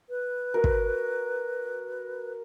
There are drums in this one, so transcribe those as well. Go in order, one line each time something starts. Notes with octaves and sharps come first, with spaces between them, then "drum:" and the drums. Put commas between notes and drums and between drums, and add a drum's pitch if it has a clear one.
B4
F#4 A#4
drum: kick